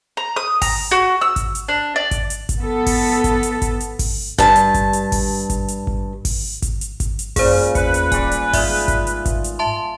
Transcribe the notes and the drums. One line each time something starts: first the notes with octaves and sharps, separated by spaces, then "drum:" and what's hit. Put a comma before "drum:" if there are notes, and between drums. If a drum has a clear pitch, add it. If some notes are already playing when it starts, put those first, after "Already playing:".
A#5
D#6
A#5, drum: kick G#1, open hi-hat
F#4
E6
drum: kick G#1, hi-hat
drum: hi-hat
D4
D5
drum: kick G#1, hi-hat
drum: hi-hat
drum: kick G#1, hi-hat
B3 A4
drum: kick G#1, open hi-hat
drum: kick G#1, hi-hat
drum: hi-hat
drum: kick G#1, hi-hat
drum: hi-hat
drum: kick G#1, open hi-hat
G2 A5, drum: kick G#1, hi-hat
drum: hi-hat
drum: kick G#1, hi-hat
drum: hi-hat
drum: kick G#1, open hi-hat
drum: kick G#1, hi-hat
drum: hi-hat
drum: kick G#1
drum: kick G#1, open hi-hat
drum: kick G#1, hi-hat
drum: hi-hat
drum: kick G#1, hi-hat
drum: hi-hat
F#2 A#2 C#3 G#4 C5, drum: kick G#1, open hi-hat
E2 B4 C#7, drum: kick G#1, hi-hat
drum: hi-hat
D1 G3 D5 G#5 D6, drum: kick G#1, hi-hat
drum: hi-hat
G#2 F4 G#4 D5 E5, drum: kick G#1, open hi-hat
drum: kick G#1, hi-hat
drum: hi-hat
drum: kick G#1, hi-hat
drum: hi-hat
E5 A5 C6